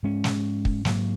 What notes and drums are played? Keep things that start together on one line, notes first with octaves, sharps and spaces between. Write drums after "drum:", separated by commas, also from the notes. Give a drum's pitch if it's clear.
G#2 G#3 C#4
drum: snare
drum: kick
G#2 F#3 A#3, drum: snare